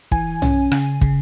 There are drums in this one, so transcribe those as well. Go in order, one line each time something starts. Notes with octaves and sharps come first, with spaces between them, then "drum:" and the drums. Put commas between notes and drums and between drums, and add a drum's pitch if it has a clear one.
E3 G#5, drum: kick
C#4, drum: tom
C#3, drum: rim click
C#3, drum: kick